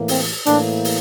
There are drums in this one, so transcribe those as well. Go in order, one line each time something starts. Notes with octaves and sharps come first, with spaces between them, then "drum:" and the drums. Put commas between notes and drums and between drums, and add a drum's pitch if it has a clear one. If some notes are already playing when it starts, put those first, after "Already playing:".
Already playing: A2 E3 A#3
C4, drum: open hi-hat
A2 E3 A#3 D4, drum: hi-hat
drum: open hi-hat